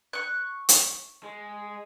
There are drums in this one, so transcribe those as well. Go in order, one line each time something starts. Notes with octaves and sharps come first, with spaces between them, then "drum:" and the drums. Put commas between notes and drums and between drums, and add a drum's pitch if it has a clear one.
C#6 F#6
drum: hi-hat
G#3